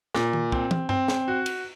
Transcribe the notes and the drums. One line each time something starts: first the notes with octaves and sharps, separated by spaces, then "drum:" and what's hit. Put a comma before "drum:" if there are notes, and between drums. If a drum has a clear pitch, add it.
A#2, drum: snare
drum: tom D#3
C4, drum: kick
drum: tom
C4, drum: tom G2
drum: snare
F#4
drum: cymbal